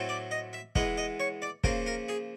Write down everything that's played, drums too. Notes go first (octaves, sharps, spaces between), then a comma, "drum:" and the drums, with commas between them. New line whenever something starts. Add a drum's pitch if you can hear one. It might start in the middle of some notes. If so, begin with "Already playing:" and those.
Already playing: A2 F#3 A3 C4
D5
D#5
E5
E3 G#3 B3 D#5, drum: kick
D#5
C#5
D5
C#3 F3 A#3 A#4, drum: kick
A#4
G#4